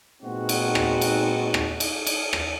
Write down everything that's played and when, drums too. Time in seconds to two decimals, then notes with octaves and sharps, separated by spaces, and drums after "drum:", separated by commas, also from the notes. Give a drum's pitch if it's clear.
0.23 A#2 G#3 B3 C4 D#4 F#4
0.49 drum: cymbal
0.75 drum: rim click
1.01 drum: cymbal
1.54 drum: rim click
1.80 drum: cymbal
2.07 drum: cymbal
2.33 drum: rim click